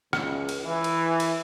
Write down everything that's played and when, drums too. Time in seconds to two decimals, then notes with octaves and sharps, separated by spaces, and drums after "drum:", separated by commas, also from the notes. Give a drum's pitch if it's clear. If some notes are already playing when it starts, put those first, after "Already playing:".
0.13 C#2, drum: rim click
0.49 drum: cymbal
0.65 E3
0.84 drum: cymbal
1.20 drum: cymbal